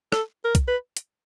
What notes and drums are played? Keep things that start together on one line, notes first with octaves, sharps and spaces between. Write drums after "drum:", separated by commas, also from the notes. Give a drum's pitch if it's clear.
A4, drum: rim click
A#4
drum: kick, hi-hat
B4
drum: hi-hat